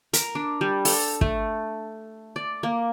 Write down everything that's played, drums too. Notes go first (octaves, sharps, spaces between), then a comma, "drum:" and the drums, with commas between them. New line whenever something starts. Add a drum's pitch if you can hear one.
A#4, drum: hi-hat
D4
G3
A4, drum: open hi-hat
A3, drum: kick
D5
A#3